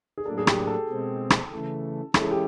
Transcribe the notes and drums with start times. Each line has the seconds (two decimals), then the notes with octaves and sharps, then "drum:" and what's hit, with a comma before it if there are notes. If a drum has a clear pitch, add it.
0.18 G#4
0.25 A2 F#3 A#3 D4 A4
0.38 G#4
0.47 G4, drum: rim click
0.67 A4
0.89 B2 G#3 C4
1.30 drum: rim click
1.52 C#3 E3 A3
2.14 E3 G#3 C#4 E4 A4, drum: rim click
2.22 G#4
2.31 G4